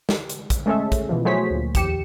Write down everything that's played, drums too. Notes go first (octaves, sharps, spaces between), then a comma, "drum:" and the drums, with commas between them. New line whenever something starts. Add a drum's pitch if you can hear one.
drum: snare
drum: hi-hat
drum: kick, hi-hat
G#3 A3 C#4 G#4 A4 E5
drum: kick, hi-hat
B2 E3 F3
F#3 A3 G#4 C5 C#5 B6
D2 A#2
E2 G4 C#7 E7, drum: kick, hi-hat